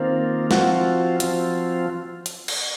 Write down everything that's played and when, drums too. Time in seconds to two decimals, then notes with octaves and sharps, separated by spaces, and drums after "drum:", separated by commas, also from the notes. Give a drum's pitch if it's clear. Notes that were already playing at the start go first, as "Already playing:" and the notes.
Already playing: D#3 A#3 C4 F4
0.51 F3 C4 F4 F#4, drum: snare
1.20 F3 C4 F4, drum: hi-hat
2.26 drum: hi-hat
2.48 drum: cymbal